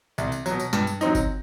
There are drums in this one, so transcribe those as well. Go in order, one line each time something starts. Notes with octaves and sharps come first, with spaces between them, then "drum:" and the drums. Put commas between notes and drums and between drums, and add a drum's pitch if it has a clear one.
C2, drum: tambourine
drum: tambourine
B2 F#3, drum: tambourine
drum: tambourine
G2, drum: snare
drum: tambourine
F#3 C4 D#4, drum: tambourine
drum: kick G1, tambourine